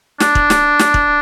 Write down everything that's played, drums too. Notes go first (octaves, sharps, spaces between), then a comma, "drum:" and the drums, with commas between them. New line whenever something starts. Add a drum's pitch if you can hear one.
D4, drum: snare
drum: kick
drum: snare
drum: snare
drum: kick